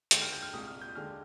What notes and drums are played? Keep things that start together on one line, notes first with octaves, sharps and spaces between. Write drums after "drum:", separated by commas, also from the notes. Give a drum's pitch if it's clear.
D#2 D3 G#3 G6, drum: hi-hat
F6
G6
F6
C2 A#2 G#3 D#6
F6
G6
D#2 D3 G#3 F6